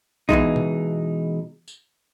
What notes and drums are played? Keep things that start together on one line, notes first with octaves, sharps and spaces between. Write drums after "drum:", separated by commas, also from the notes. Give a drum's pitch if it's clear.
B2 E3 G#3 D#4, drum: kick A#1
drum: tom B2
drum: tambourine